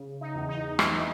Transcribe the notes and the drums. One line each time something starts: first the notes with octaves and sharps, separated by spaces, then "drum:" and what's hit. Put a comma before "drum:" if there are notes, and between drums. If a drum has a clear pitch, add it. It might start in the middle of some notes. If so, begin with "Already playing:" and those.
Already playing: C#3
D#4
E2
D#4
E3 D#4, drum: rim click